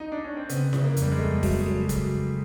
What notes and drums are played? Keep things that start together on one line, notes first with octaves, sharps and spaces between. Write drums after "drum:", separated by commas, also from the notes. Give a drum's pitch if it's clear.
D#4
D4
C#4
C4
C#3 B3, drum: hi-hat
C#3, drum: snare E4
A#3
F2, drum: hi-hat
G3
G#3
F2 A3
F#3 A3, drum: kick, open hi-hat
G#3
F#3
drum: kick, hi-hat